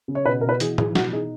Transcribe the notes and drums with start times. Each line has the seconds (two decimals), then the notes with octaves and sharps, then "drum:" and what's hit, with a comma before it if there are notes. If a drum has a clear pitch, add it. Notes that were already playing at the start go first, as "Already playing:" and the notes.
0.08 C#3
0.15 C#5
0.26 B2 B4
0.41 B2 A#4
0.49 B4
0.60 E3 G#4, drum: hi-hat
0.78 E3 G#4, drum: tom
0.95 B2 F#4, drum: snare
1.13 D#4 G#4